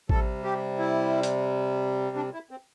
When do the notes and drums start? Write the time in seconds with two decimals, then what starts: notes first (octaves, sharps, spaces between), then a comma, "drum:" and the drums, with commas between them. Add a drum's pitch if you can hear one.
0.09 C3 G3 A4, drum: kick A1
0.44 G4
0.79 E4
1.23 drum: hi-hat
2.16 D4
2.34 E4
2.51 C4